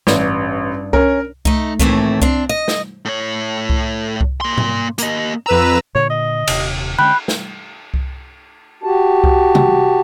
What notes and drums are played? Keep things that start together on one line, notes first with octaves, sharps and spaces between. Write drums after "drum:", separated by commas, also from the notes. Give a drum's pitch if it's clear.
A1 G2, drum: snare
C#4 A#4, drum: kick C2
A3 D#4, drum: kick C2
D#2 A2 E3 A3 C4, drum: kick C2
C4 D4, drum: kick C2
D#5
drum: snare
A2 C#5
drum: kick C2
drum: kick C2
A#3 C6
drum: tom
A#3 D#5, drum: hi-hat
F2 B4 A#5 E6
A#2 D3 C#5
D#5
D#1 C3, drum: cymbal
D3 G#3 C#4 G5 B5 F#6
drum: snare
drum: kick C2
F#4 G4 A5
drum: kick C2
drum: tom C3